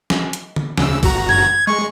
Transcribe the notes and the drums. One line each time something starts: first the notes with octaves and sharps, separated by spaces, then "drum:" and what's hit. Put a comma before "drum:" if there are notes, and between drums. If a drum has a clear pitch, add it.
drum: snare
drum: hi-hat
drum: tom D3
D2 C#3 E6, drum: snare
G1 F#4 A#5, drum: kick B1, open hi-hat
G#6, drum: tom F#2
G#3 C#6